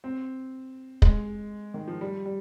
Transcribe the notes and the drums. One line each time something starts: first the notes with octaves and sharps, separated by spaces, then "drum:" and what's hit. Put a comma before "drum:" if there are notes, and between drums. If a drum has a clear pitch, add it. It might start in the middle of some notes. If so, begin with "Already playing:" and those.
C4
G#3, drum: kick
D#3
F3
G3
G3